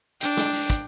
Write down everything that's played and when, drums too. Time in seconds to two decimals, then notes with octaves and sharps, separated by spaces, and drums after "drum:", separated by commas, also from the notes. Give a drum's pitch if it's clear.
0.21 D4 G5, drum: hi-hat
0.37 drum: snare
0.53 drum: open hi-hat
0.70 drum: kick, hi-hat